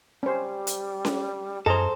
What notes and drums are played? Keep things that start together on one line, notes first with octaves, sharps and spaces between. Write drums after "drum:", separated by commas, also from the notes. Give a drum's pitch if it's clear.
G3 C#4 C5
drum: hi-hat
drum: snare C#4
F#2 F3 G#4 A4 C5 D#5 A#5